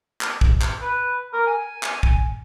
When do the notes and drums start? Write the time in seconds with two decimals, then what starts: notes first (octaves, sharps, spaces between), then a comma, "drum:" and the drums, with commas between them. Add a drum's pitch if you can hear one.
0.21 drum: clap
0.41 drum: kick
0.62 drum: clap
0.82 B4
1.33 A#4
1.47 G#5
1.83 drum: clap
2.03 drum: kick